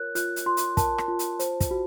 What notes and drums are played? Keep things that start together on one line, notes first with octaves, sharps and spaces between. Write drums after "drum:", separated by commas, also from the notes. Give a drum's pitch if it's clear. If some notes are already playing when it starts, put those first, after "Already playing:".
Already playing: F4 A#4 C#5 F#6
F4 F#6, drum: hi-hat
drum: hi-hat
F4 C6
drum: hi-hat
A#4 A5, drum: kick, hi-hat
drum: rim click
F4
drum: hi-hat
C5, drum: hi-hat
drum: kick, hi-hat
F#4